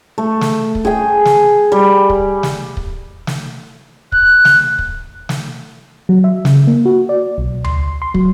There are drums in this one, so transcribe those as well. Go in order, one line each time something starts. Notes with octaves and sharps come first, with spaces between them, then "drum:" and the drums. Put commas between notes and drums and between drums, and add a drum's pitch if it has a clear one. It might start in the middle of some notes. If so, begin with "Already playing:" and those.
A3
drum: snare
drum: kick
G#4 G5
drum: snare
G3
drum: kick
drum: snare
drum: kick
drum: snare
F#6, drum: kick
drum: snare
drum: kick
drum: snare
F#3
E5
C#3, drum: snare
A#3
F#4
D5
B1
C6, drum: tom D2
C6
F#3, drum: kick